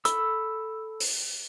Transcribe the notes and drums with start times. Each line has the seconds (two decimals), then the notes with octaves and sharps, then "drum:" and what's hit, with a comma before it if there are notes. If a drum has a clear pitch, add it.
0.05 A4 B5 E6, drum: hi-hat
1.00 drum: open hi-hat